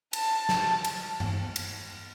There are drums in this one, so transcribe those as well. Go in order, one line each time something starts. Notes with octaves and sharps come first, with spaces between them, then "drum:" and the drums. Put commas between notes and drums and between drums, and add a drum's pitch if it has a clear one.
A5, drum: cymbal
drum: snare
drum: cymbal
drum: tom G2
drum: cymbal